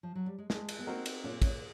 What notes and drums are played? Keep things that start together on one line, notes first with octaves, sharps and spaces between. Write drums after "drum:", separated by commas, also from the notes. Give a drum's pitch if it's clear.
F3
F#3
G3
G#3
G#3 A3, drum: snare
drum: cymbal
B3
A#3 C4 D#4 F#4 A#4
drum: cymbal
A#2 C#4
C4
C#4, drum: kick, cymbal